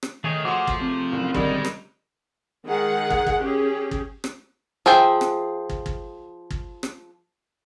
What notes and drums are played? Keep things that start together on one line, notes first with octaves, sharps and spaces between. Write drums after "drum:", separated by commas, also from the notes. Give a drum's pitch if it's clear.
drum: rim click
D#3 A3 G#4 C#5
F4 F#4 C5 C6 D6
drum: kick
C3
F#1
D3 D#3 G3 G#3 D#4, drum: kick
drum: rim click
D#3 G#3 G#4 F#5
drum: kick
drum: kick
C#4 G4 G#4
drum: kick
drum: rim click
F3 G#4 E5 G5
drum: rim click
drum: kick
drum: kick
drum: kick
drum: rim click